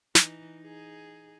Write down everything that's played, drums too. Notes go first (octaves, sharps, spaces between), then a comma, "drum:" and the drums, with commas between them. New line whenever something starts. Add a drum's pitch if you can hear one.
E3 D#4, drum: snare
D#4 G#4